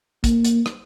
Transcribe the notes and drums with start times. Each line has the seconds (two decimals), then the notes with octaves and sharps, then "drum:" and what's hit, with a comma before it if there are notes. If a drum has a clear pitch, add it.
0.24 A#3, drum: kick, hi-hat
0.45 drum: hi-hat
0.66 drum: rim click